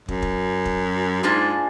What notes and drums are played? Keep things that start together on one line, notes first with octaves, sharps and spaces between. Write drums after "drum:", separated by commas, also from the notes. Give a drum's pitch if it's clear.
F#2, drum: kick
drum: kick
drum: kick
G#2 A#3 D4 F4 G#4